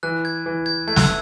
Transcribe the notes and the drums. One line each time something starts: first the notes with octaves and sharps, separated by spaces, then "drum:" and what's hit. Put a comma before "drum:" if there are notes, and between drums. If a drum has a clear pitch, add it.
E3 F#6
G#6
E3
G#6
A3 G#6
F#6, drum: snare
E6